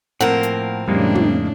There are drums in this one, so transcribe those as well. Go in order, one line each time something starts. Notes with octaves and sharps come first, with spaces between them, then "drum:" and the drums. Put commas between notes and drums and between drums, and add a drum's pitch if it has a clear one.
A2 F3 A#3 C4 A#4 F#5, drum: hi-hat
drum: hi-hat
F2 A2 C#3 G3 G#3 A#3 D4
drum: tom